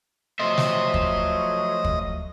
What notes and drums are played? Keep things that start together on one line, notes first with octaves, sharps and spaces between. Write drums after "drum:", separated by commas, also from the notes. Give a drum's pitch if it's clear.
F3 F#3 A3 C5 D#5 E5
drum: snare
drum: kick
drum: kick